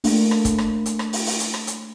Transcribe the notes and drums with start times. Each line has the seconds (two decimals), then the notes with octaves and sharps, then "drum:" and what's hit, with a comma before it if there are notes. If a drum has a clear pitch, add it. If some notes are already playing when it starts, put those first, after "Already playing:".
0.04 A3 A#3 D4, drum: open hi-hat
0.31 drum: rim click
0.45 drum: kick, hi-hat
0.58 drum: rim click
0.86 drum: hi-hat
0.99 drum: rim click
1.13 drum: open hi-hat
1.26 drum: open hi-hat
1.40 drum: hi-hat
1.54 drum: rim click
1.67 drum: hi-hat